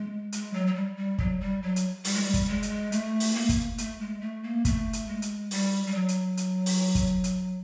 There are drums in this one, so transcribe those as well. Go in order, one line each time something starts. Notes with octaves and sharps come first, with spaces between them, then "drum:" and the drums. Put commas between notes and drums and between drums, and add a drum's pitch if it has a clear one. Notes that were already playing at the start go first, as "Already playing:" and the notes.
Already playing: G#3
G#3, drum: hi-hat
F#3
F#3
G3
G3
F#3, drum: kick
G3
F#3
drum: hi-hat
G3, drum: open hi-hat
G#3
G3
drum: kick, hi-hat
G#3
drum: hi-hat
A3, drum: hi-hat
drum: open hi-hat
A#3
drum: kick, hi-hat
A3, drum: hi-hat
G#3
A3
A#3
A3, drum: kick, hi-hat
drum: hi-hat
G#3
drum: hi-hat
G3, drum: open hi-hat
G3
F#3
drum: hi-hat
drum: hi-hat
drum: open hi-hat
drum: kick, hi-hat
drum: hi-hat